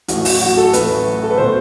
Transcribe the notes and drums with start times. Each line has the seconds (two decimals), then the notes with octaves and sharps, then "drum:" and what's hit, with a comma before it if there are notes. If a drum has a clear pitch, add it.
0.08 A1 A2 F#3 A3 F#4, drum: hi-hat
0.25 F#4, drum: open hi-hat
0.41 F#4
0.57 A4
0.73 A1 A2 F#3 A3 B4, drum: hi-hat
1.24 A4
1.31 B4
1.38 B2 A3 C5